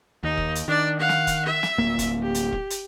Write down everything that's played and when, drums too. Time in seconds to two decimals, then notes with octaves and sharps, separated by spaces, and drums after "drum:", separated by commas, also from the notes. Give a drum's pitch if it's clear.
0.23 D#2 D#4
0.37 drum: kick E1
0.55 drum: hi-hat
0.68 D#3 D4 D5
0.99 F5 F#5
1.09 drum: snare
1.27 drum: kick E1, hi-hat
1.45 E5
1.63 drum: snare
1.78 D1 A#3
1.99 drum: kick E1, hi-hat
2.22 G4
2.35 drum: hi-hat
2.52 drum: kick E1
2.70 drum: hi-hat